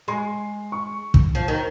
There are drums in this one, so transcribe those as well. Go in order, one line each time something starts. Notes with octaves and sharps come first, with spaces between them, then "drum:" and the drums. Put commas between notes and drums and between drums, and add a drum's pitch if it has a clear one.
G#3 C6
C#6
drum: kick
F3
D#3